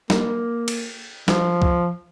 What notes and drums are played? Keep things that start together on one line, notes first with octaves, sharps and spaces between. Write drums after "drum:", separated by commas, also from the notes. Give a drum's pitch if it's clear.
A#3, drum: snare
drum: cymbal
F3, drum: snare
drum: kick C2